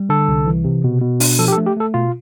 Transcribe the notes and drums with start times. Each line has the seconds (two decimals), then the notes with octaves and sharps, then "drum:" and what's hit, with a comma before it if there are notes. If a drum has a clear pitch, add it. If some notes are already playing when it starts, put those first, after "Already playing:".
Already playing: G3
0.09 D3 A4
0.28 C2
0.46 E3
0.64 C3
0.84 B2
1.01 B2
1.20 D4, drum: open hi-hat
1.39 F3 A4
1.48 G4
1.52 A4
1.57 A3
1.66 G4
1.77 A3 A4
1.94 B2 F4